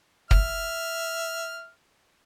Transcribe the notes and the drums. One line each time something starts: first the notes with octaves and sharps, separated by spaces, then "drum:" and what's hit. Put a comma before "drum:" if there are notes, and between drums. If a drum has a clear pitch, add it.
E5 F6, drum: kick